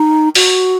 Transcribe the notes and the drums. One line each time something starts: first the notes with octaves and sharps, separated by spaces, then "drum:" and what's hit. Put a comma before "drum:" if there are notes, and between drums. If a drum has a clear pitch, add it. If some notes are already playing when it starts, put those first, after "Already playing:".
Already playing: D#4
F#4, drum: open hi-hat